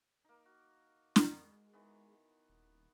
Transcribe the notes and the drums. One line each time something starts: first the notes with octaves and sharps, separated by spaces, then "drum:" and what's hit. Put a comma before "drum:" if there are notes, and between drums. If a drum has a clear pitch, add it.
A#3 D#4
F#4
drum: snare
G#3
D#3 E3 B3
D#1